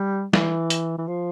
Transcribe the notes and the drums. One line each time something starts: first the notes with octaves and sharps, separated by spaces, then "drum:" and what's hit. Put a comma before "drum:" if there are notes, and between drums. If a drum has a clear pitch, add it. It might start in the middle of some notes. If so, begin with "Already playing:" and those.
Already playing: G3
E3, drum: snare
drum: hi-hat
E3
F3